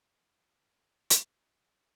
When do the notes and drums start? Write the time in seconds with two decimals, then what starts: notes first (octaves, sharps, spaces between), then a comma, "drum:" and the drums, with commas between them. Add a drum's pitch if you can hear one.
0.18 A3 G#4 A#4 C#5
0.67 B3 D#4 E4 F#4 A#4 C#5
1.10 drum: hi-hat
1.38 D#4 A4 F#5